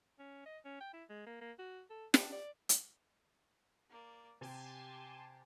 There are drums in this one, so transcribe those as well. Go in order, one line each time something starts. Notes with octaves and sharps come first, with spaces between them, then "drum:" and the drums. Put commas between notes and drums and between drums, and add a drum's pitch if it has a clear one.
C#4
D#5
C#4
G5
E4
G#3
A#3
A#3
F#4
A4
D4, drum: snare
D5
drum: hi-hat
A#3 D5
C3 G4 G#5 A5 C6